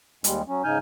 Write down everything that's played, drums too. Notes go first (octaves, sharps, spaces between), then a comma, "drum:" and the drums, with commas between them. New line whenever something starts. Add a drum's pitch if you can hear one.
D#2 G3 G#3, drum: hi-hat
F#3 C#4
G#2 C#3 D#4 G#5 F6 G6